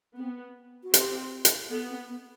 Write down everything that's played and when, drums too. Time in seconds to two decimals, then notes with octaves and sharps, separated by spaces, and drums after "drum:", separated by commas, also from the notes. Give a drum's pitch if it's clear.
0.17 B3 C4
0.84 F#4
0.94 C4 G4, drum: hi-hat
1.45 drum: hi-hat
1.71 B3 A4
1.89 C4
2.09 B3